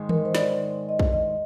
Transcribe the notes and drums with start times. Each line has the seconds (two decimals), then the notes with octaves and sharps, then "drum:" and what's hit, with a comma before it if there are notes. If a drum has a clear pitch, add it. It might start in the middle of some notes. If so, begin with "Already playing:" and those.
Already playing: G#2 D#3 G#3
0.09 A#4, drum: tom D#3
0.25 C5
0.35 D5, drum: snare
0.41 C5
0.89 D#5
0.99 drum: kick
1.13 D#5